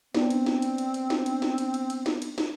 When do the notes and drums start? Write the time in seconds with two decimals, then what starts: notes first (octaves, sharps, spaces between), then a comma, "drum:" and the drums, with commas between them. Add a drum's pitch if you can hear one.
0.15 B3 C4 D4, drum: snare
0.30 drum: cymbal
0.46 drum: snare
0.62 drum: cymbal
0.78 drum: cymbal
0.94 drum: cymbal
1.10 drum: snare
1.26 drum: cymbal
1.42 drum: snare
1.58 drum: cymbal
1.74 drum: cymbal
1.90 drum: cymbal
2.06 drum: snare
2.22 drum: cymbal
2.38 drum: snare